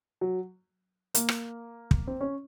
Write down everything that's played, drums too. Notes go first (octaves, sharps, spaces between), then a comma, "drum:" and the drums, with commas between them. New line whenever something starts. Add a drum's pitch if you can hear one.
F#3
A#3, drum: hi-hat
drum: rim click
drum: kick
C4
C#4